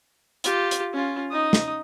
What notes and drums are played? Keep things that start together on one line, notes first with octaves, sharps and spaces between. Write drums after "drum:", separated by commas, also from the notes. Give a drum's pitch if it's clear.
F4 G4, drum: hi-hat
drum: hi-hat
C#4 F4
D#4 D#6
drum: snare